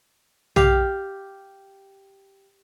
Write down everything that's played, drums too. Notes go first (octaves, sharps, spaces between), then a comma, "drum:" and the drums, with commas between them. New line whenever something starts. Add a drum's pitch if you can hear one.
G4 F5, drum: tom